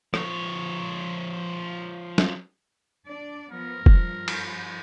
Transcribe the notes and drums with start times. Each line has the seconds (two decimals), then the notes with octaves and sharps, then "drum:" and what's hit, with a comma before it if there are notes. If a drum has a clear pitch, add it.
0.14 F3 C#5, drum: rim click
2.18 drum: snare
3.08 D4 D5
3.52 F3 B3 A#4
3.86 G2 F3, drum: kick
4.28 drum: cymbal